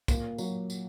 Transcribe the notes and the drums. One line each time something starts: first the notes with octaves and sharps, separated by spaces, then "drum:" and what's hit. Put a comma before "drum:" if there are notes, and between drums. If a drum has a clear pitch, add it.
A#2, drum: kick, tambourine
F#3, drum: tambourine
drum: tambourine